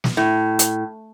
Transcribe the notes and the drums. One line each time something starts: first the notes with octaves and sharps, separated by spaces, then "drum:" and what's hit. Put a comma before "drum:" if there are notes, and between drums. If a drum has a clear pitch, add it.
drum: snare
A2
drum: hi-hat